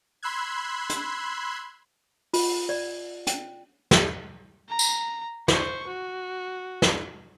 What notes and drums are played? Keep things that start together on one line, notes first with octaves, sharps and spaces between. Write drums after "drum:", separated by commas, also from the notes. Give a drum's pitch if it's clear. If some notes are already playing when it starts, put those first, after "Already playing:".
B5 C6 E6 F#6 G#6
drum: hi-hat
F4, drum: open hi-hat
D5
G5, drum: hi-hat
drum: snare
A#5
drum: tambourine
C5 C#6, drum: snare
F#4
drum: snare